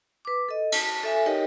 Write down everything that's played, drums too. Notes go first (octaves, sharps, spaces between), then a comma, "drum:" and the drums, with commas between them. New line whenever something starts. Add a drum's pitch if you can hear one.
B4 D6
A4 D#5
A5, drum: cymbal
A4 E5 G#5
D#4 G4 A#4 C#5 D#5 G5